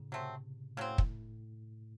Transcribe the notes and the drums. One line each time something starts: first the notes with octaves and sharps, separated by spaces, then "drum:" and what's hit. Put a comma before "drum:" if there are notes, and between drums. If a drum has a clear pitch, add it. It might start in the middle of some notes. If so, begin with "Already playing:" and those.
Already playing: A2 C#3
C3 F#3 A3 C4
A2 C#3 F#3 C4
drum: kick